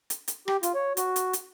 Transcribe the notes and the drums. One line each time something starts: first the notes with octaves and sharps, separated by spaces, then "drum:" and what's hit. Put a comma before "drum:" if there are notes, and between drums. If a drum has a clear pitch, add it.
drum: hi-hat
drum: hi-hat
G4, drum: rim click
F4, drum: hi-hat
C#5
F#4, drum: hi-hat
drum: hi-hat
drum: hi-hat